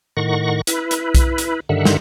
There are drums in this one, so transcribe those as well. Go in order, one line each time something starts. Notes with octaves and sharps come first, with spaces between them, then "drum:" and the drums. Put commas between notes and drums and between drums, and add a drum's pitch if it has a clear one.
A2 D#3 F#5 C#6 A#6
E4 B4, drum: hi-hat
drum: hi-hat
drum: kick B1, hi-hat
drum: hi-hat
G2 D3 D#3 E5 F#5
drum: snare